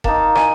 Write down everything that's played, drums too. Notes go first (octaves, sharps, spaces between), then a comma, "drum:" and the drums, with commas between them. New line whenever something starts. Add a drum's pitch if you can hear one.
A#3 D#4 A5, drum: kick E1
G#5, drum: rim click